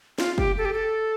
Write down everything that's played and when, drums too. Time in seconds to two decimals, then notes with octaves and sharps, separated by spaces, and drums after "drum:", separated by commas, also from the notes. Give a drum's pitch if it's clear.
0.18 F4, drum: snare
0.38 G4, drum: kick
0.58 A4
0.65 G4
0.73 A4